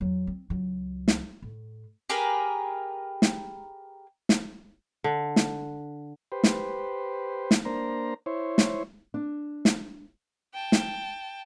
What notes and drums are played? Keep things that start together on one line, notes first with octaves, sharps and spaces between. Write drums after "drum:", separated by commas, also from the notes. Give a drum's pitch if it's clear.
E2 F#3
C4
C#2 F#3
drum: snare
A2
G4 G#4 A#4 B4
drum: snare
drum: snare
D3
drum: snare
G4 B4 C5
drum: snare
drum: snare
A#3 D4 C5 A#5
E4 C5 C#5
drum: snare
D4
drum: snare
G5 A5
drum: snare